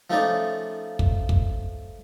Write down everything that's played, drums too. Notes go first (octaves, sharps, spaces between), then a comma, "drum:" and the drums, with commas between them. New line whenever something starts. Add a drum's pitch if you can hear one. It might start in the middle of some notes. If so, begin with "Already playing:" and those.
F3 A3 C#4 D#4 F4 D5
drum: kick
drum: kick